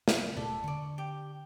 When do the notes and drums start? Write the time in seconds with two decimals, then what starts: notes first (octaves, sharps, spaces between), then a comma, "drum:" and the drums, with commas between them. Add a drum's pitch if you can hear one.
0.08 C#3, drum: snare
0.36 E1 B2 A3 A4 D5 E5
0.64 D3 D5 C#6
0.98 G4